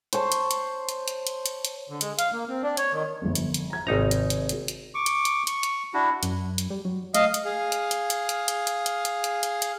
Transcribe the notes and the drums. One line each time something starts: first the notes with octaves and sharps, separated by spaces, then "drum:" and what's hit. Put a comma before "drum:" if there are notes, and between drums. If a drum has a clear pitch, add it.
C5 C#5 A5, drum: hi-hat
drum: hi-hat
drum: hi-hat
drum: hi-hat
drum: hi-hat
drum: hi-hat
drum: hi-hat
drum: hi-hat
D3
G#3, drum: hi-hat
F5, drum: hi-hat
A#3
C4
D4
C#5, drum: hi-hat
D#3
G1 F2
drum: hi-hat
drum: hi-hat
A#5 G#6
G#1 C3 D#4 A#5
drum: hi-hat
drum: hi-hat
drum: hi-hat
drum: hi-hat
C#6 D6
drum: hi-hat
drum: hi-hat
C#6, drum: hi-hat
drum: hi-hat
D4 E4 F#4
F#2, drum: hi-hat
drum: hi-hat
G3
F#3
A3 D#5 F5, drum: hi-hat
drum: hi-hat
G#4 F5
drum: hi-hat
drum: hi-hat
drum: hi-hat
drum: hi-hat
drum: hi-hat
drum: hi-hat
drum: hi-hat
drum: hi-hat
drum: hi-hat
drum: hi-hat
drum: hi-hat